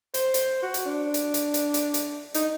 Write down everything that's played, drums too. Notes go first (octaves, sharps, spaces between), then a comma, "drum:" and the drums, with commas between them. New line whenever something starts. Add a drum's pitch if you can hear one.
C5, drum: hi-hat
drum: hi-hat
F#4
drum: hi-hat
D4
drum: hi-hat
drum: hi-hat
drum: hi-hat
drum: hi-hat
drum: hi-hat
D#4, drum: hi-hat